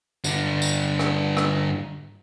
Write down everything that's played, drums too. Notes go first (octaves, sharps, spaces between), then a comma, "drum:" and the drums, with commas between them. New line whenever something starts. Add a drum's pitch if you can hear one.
G2 D3, drum: tambourine
drum: tambourine
drum: rim click
drum: rim click